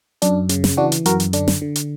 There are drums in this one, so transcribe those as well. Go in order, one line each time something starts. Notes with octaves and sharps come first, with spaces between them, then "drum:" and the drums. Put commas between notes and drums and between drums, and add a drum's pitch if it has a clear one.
F#2 D4, drum: hi-hat
C#3, drum: hi-hat
drum: snare
E3 D4 F#4
drum: hi-hat
F#2 F#4 A#4, drum: hi-hat
drum: hi-hat
D3 D4, drum: hi-hat
drum: snare
D3
drum: hi-hat